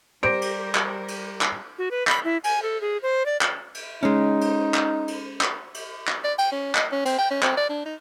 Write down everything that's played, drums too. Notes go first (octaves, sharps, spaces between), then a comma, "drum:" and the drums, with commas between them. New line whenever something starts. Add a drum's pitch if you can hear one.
G3 G4 A#4 C5 D5 D6 A#6 D7
drum: cymbal
drum: clap
drum: cymbal
drum: clap
F#4
B4
B5, drum: clap
E4
G#5, drum: cymbal
A4
G#4
C5
D5
drum: clap
drum: cymbal
G#3 C#4 D#4
drum: cymbal
drum: clap
drum: cymbal
drum: clap
drum: cymbal
drum: clap
D5
G5, drum: cymbal
C#4
D#5, drum: clap
C#4
C4, drum: cymbal
G5
C#4
C4, drum: clap
D5
D4
D#4